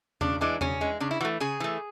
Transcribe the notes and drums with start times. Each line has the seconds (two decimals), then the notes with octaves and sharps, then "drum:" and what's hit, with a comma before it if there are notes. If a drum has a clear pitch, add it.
0.21 C#3 D4, drum: tom E2
0.41 E3 G#3 D4
0.61 C#3 C#4, drum: tom E2
0.81 E3 G#3
1.00 C#3 D4
1.11 E4
1.20 E3 A3 F#4
1.40 C#3 G#4
1.60 E3 A3